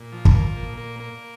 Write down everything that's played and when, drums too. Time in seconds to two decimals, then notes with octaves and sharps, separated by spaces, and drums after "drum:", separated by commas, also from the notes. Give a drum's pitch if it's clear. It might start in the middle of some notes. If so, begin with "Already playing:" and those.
Already playing: A#2
0.12 F3
0.25 drum: kick
0.34 A#3
0.57 A#2
0.77 A#3
1.00 A#3